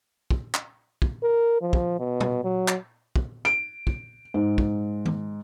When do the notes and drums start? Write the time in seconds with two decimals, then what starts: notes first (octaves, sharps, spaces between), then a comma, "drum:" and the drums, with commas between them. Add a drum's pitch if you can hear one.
0.31 drum: kick
0.54 drum: clap
1.02 drum: kick
1.23 A#4
1.61 F3
1.73 drum: kick
1.99 B2
2.21 drum: tom
2.44 F#3
2.68 drum: clap
3.16 drum: kick
3.45 D7
3.87 drum: kick
4.34 G#2
4.58 drum: kick
5.06 drum: tom D#3